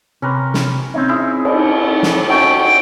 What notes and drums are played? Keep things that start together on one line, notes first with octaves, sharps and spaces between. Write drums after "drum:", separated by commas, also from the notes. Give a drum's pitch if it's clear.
C3 C#4 A#4 B4
drum: snare
C4 C#4 D#4
E4 G#4
drum: cymbal
drum: snare
A3 C#4 F4 F#4 G5